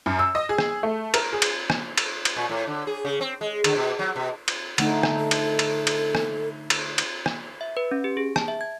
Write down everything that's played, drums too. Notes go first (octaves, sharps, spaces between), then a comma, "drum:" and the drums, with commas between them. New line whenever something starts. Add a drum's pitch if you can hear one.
F#2
E6
D#5
G#4
drum: rim click
A3
A#4, drum: cymbal
G#4
drum: cymbal
drum: rim click
drum: cymbal
drum: cymbal
A#2
A2
D3
G#4
C#3
C4
G#3
D3, drum: cymbal
B2
F#3
B2
drum: cymbal
D3 A3 D#4 F#5, drum: cymbal
drum: rim click
A4
drum: cymbal
drum: cymbal
drum: cymbal
drum: rim click
drum: cymbal
drum: cymbal
drum: rim click
E5
B4
C#4
G4
G#4
A5, drum: rim click
E5
G#6